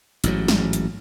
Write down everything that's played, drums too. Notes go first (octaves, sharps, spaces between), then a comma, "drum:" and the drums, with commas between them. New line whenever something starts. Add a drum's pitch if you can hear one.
A1 G#2 F#3, drum: hi-hat
drum: snare
drum: hi-hat